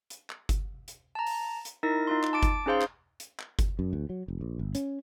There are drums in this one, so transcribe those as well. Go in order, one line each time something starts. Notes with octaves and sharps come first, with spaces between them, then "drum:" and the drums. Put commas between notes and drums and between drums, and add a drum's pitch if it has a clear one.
drum: hi-hat
drum: clap
drum: kick G1, hi-hat
drum: hi-hat
A5 A#5
drum: open hi-hat
drum: hi-hat
D#4 E4 A#4 A#6
D#4 F4 C6
drum: clap
A5 D6 D7
drum: kick G1, hi-hat
C#4 D#4 G#4 C5 F5 C6
drum: clap
drum: hi-hat
drum: clap
drum: kick G1, hi-hat
F#2
D2
F#3
F1
A#1
G1
C#4, drum: hi-hat